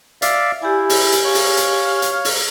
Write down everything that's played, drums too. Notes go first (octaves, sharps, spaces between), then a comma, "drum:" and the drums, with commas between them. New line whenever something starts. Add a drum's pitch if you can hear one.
D5 E5 F5, drum: hi-hat
E4 G4 G#5
drum: open hi-hat
drum: hi-hat
C#5 F5
drum: open hi-hat
drum: hi-hat
drum: hi-hat
drum: open hi-hat